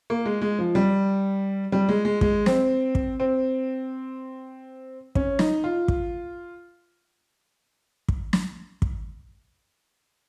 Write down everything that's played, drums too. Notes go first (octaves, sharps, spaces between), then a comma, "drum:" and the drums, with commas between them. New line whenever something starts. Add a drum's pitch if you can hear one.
A#3
G#3
G#3
F3
G3
G3
G#3
G#3
G#3, drum: kick
C4, drum: snare
drum: kick
C4
C#4, drum: kick
D#4, drum: snare
F4
drum: kick
drum: kick
drum: snare
drum: kick